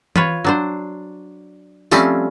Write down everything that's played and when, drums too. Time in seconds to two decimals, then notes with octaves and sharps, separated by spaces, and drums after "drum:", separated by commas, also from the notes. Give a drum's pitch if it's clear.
0.16 F4 B4 C#5, drum: tom E3
0.44 F#3 D4 C5
1.91 F3 G3 A3 C4 C#4, drum: tambourine